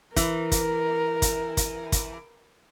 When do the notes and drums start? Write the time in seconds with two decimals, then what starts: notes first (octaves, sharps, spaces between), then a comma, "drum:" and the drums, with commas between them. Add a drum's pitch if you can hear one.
0.16 E3 A#4, drum: kick, hi-hat
0.52 drum: kick, hi-hat
1.22 drum: kick, hi-hat
1.57 drum: kick, hi-hat
1.92 drum: kick, hi-hat